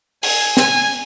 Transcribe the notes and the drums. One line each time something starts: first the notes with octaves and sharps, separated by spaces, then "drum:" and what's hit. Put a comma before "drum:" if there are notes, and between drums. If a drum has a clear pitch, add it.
G#5, drum: open hi-hat
G#5, drum: snare